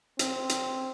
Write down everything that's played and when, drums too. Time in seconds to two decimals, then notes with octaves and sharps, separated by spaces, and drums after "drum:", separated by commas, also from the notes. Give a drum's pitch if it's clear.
0.19 C4, drum: hi-hat
0.49 drum: hi-hat